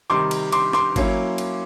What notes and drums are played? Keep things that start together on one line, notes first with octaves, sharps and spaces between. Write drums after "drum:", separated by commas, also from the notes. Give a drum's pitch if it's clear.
C3 D#3 G3 C6 D6
drum: cymbal
C6 D6, drum: cymbal
C6 D6, drum: snare
F#3 A#3 C#4 E4, drum: kick, cymbal
drum: cymbal